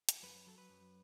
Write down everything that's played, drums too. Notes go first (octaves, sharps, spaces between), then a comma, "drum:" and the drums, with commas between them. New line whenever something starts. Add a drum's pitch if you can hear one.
drum: hi-hat
F#2 B4
F#3 A4
B4
F#2